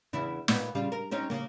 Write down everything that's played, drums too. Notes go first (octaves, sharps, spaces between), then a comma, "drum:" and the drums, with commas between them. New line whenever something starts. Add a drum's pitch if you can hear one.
E2 C#3 E4
A#2 B3, drum: snare
C#3 G3 F4
A#4
C4 C#4 D#4
C#3 A#3